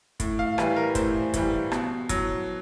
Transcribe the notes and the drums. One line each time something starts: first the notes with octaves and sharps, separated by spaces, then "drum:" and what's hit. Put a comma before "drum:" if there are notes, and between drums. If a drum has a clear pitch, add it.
A2, drum: kick, hi-hat
F5
E3 G3 B4, drum: rim click
A#4
A2 C5, drum: kick, hi-hat
E3 G3, drum: kick, hi-hat
B2, drum: rim click
F#3, drum: kick, hi-hat